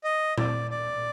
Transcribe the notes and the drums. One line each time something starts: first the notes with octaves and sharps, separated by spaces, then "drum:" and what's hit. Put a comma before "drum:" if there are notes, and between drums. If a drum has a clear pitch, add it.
D#5
D5, drum: tom
D5